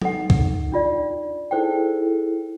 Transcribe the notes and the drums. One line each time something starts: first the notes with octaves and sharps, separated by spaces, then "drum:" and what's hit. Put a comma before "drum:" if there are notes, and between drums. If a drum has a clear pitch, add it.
D#4 A4 F#5, drum: tom F#3
drum: kick C2
D4 F4 D5
D#4 E4 G#4 A4 C5 G5